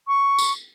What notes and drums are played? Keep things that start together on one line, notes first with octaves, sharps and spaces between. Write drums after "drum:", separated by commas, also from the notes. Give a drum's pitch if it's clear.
C#6
drum: tambourine